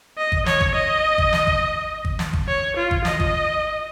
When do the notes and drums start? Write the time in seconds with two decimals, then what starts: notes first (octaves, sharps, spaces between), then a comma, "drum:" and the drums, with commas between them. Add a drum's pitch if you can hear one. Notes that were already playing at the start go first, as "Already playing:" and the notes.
0.18 D#5
0.32 drum: kick G#1
0.46 C#5, drum: snare
0.61 drum: kick G#1
0.75 D#5
1.18 drum: kick G#1
1.33 drum: snare
1.47 drum: kick G#1
2.05 drum: kick G#1
2.19 drum: snare
2.33 drum: kick G#1
2.48 C#5
2.77 F4
2.91 drum: kick G#1
3.05 D#5, drum: snare
3.20 drum: kick G#1